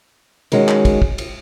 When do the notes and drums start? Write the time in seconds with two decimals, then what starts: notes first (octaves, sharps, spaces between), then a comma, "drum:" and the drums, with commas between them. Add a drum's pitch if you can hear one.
0.52 D#3 G#3 C#4 F#4, drum: cymbal
0.68 drum: clap
0.85 drum: kick, cymbal
1.02 drum: kick
1.18 drum: cymbal